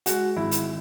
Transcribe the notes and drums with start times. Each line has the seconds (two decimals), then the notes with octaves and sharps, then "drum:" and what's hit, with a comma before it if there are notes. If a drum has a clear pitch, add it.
0.06 G#3 F#4, drum: hi-hat
0.37 G#1 E4
0.51 drum: hi-hat